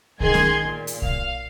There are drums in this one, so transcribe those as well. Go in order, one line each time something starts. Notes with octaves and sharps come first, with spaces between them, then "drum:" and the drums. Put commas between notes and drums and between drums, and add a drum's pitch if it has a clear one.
D#3 G#4 C6 G#6, drum: kick
drum: snare C#4
A#2
drum: hi-hat
F5, drum: kick